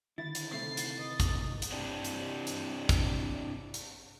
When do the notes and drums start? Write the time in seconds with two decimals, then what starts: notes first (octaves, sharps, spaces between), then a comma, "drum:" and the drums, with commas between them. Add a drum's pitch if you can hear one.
0.18 D3 D#3 E4 A6
0.35 drum: hi-hat
0.52 C3 A3 E4 C7
0.77 drum: hi-hat
0.98 B4 D#5
1.20 drum: kick, hi-hat
1.62 drum: hi-hat
1.72 C4 D4 E4 G4
2.04 drum: hi-hat
2.47 drum: hi-hat
2.89 drum: kick, hi-hat
3.74 drum: hi-hat